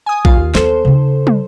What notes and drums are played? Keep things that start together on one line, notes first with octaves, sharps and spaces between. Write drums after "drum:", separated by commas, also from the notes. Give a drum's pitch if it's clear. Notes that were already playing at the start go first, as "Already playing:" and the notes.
G#5 D#6
F4 F5, drum: kick A#1
D#2
B3 A4 C5, drum: snare
C#3 D#4
drum: tom